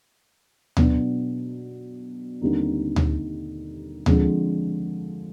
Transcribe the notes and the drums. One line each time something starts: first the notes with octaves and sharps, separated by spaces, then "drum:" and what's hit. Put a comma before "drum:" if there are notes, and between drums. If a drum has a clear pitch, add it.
B2 F#3 B3 D4, drum: tom D2
D#2 D3 G3 C4 D#4
drum: tom D2
D3 F3 G#3 C4, drum: tom D2